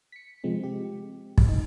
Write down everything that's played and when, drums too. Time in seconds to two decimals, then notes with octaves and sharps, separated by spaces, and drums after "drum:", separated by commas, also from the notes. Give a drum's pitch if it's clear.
0.12 B6 C#7
0.44 C3 F3 G#3 C4
0.60 G#3 G4
1.38 drum: kick
1.48 D#4